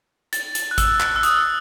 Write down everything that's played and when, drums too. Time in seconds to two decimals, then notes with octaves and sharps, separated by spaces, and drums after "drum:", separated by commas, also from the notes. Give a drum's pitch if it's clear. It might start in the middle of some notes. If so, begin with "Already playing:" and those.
0.33 A6, drum: hi-hat
0.55 drum: hi-hat
0.71 F#6
0.78 E6, drum: kick G#1, hi-hat
1.00 drum: clap
1.16 E6
1.23 D#6, drum: hi-hat
1.38 E6